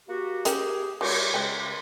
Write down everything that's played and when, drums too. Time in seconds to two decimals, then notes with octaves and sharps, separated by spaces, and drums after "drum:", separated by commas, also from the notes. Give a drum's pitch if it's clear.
0.09 A#3 F#4 G4
0.45 C#4 G4 G#4 A#4 G5, drum: hi-hat
1.01 G3 F#4 C#5, drum: cymbal
1.34 C#3 G#3 B4 G5